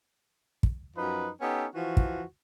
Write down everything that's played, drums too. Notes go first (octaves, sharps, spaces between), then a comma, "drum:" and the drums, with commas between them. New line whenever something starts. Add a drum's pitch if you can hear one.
drum: kick
F#2 F3 D#4 B4
B3 C#4 D#4 G4 A4
E3 F3 F#4
drum: kick